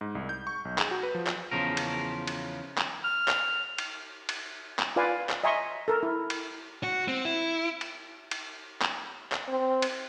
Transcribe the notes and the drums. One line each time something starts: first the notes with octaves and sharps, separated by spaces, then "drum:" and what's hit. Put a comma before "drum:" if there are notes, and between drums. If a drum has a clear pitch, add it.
G#2
C2
G6
C#6
B1
G#4, drum: clap
F#4
B4
F3
drum: clap
E2 C#3 F3 A#4
drum: cymbal
drum: cymbal
drum: clap
F6
drum: clap
drum: cymbal
drum: cymbal
drum: clap
F4 B4 D5 F5 G#5
drum: clap
D#5 E5 G#5 A#5 C6 C#6
A4 A#4
E4
drum: cymbal
F#4
C4
E4
drum: cymbal
drum: cymbal
drum: clap
drum: clap
C4
drum: cymbal